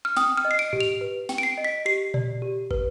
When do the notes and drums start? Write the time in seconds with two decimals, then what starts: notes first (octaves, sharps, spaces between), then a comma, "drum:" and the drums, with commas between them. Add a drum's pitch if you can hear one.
0.05 F6
0.17 G5 D#6, drum: snare
0.37 F6
0.45 D#5
0.51 C7
0.59 D7
0.73 G4, drum: tom G#2
0.81 F7
1.01 B4
1.29 G5, drum: snare
1.38 D7
1.43 C7
1.58 D#5
1.64 B6
1.86 G4 C7
2.14 D5, drum: tom A#2
2.42 G4
2.71 B4, drum: kick